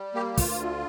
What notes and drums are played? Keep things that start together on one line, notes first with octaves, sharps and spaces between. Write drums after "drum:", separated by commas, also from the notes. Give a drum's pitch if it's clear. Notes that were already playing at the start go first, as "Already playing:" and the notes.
Already playing: G3
A#3 G4
G4
D2 F4, drum: kick, open hi-hat
D3